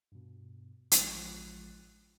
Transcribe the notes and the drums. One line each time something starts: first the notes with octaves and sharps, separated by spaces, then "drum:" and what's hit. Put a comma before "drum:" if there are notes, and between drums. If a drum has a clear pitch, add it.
G2 B2
A1 F3 G#3 F4 F#6 A6, drum: hi-hat